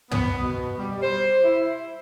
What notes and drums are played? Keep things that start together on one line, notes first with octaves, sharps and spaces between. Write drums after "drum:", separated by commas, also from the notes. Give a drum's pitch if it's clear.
B3, drum: tom
B2
G3
C5
E4